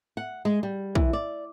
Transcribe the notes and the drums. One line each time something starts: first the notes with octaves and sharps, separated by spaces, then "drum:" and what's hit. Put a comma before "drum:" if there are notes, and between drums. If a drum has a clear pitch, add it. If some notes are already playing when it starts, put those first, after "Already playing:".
F#5
G#3
G3
E3, drum: kick
D5